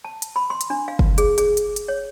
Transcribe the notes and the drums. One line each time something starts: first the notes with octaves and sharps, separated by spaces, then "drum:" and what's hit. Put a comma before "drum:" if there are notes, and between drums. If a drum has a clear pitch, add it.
A5
drum: hi-hat
B5
C6
drum: hi-hat
D4
F5
drum: kick F#1
G#4, drum: hi-hat
G#4, drum: hi-hat
drum: hi-hat
drum: hi-hat
C#5